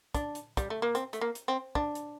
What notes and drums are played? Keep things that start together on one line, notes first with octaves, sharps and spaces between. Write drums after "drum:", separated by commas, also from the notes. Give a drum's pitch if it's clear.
D4, drum: kick, hi-hat
drum: hi-hat
G3, drum: kick, hi-hat
A3
A#3
C4, drum: hi-hat
A3, drum: hi-hat
A#3
drum: hi-hat
C4
D4, drum: kick
drum: hi-hat